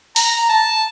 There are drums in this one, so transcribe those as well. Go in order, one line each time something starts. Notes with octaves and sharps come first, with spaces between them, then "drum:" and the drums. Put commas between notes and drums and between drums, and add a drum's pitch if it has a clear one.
A#5, drum: open hi-hat
A5